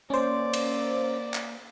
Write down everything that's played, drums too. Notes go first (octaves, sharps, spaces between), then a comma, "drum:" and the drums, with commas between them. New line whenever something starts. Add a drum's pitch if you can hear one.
A#3 C#4 C5 D5
drum: cymbal
drum: clap